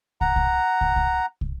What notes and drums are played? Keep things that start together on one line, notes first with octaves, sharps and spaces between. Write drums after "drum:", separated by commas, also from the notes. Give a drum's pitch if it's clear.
F#5 A#5, drum: kick
drum: kick
drum: kick
drum: kick
drum: kick